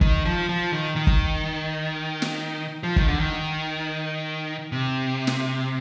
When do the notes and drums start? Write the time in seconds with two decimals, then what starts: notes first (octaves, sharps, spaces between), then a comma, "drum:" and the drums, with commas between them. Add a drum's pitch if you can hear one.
0.01 D#3, drum: kick
0.25 F3
0.49 F3
0.72 D#3
0.96 D#3
1.07 drum: kick
2.22 drum: snare
2.83 F3
2.96 D#3, drum: kick
3.08 D3
3.20 D#3
4.72 C3
5.27 drum: snare